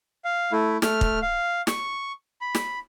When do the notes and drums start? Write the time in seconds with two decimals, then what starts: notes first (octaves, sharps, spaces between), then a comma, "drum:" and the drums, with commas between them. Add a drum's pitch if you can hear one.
0.24 F5
0.52 A3 E4
0.82 A3 F6, drum: snare
1.01 drum: kick
1.22 F5
1.67 C#6, drum: snare
2.41 B5
2.55 drum: snare